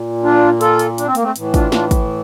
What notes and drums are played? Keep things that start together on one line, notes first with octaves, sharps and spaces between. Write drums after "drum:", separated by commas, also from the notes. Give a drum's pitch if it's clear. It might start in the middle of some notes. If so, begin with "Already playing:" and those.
Already playing: A#2
D4 F4
F4 A4, drum: hi-hat
drum: hi-hat
D4, drum: hi-hat
C4
A#3, drum: hi-hat
A3 C4
A2 E3, drum: hi-hat
D4 F4, drum: kick, hi-hat
D4 F4, drum: snare
drum: kick, hi-hat